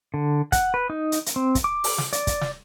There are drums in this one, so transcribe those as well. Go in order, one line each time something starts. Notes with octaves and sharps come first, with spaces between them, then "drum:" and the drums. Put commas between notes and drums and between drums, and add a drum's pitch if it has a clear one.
D3
F#5, drum: kick, hi-hat
B4
D#4
drum: hi-hat
drum: hi-hat
C4
drum: kick, hi-hat
D6
drum: open hi-hat
drum: snare
D5, drum: hi-hat
drum: kick, hi-hat
drum: snare